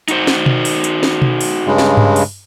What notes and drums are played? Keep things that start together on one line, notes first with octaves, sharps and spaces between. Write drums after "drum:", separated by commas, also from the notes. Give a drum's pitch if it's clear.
D#4 F#4 C5, drum: hi-hat
drum: snare
drum: tom B2
drum: open hi-hat
drum: hi-hat
drum: snare
drum: tom B2
drum: open hi-hat
G2 C#3 G#3
drum: snare
drum: tom G2
drum: open hi-hat